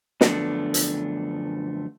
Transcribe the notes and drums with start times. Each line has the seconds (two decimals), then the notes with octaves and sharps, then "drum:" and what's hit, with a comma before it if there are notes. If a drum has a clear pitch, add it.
0.21 F#2 D3 F3 A3 B3 D4, drum: snare
0.74 drum: hi-hat